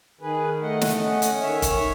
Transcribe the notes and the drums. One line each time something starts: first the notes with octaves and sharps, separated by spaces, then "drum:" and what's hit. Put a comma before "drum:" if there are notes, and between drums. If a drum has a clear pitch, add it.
D#3 G#4 B4
A3 D#5 F#5
drum: snare
C#4 D#5 F#5
drum: hi-hat
D#3 C#5 E5
drum: kick, hi-hat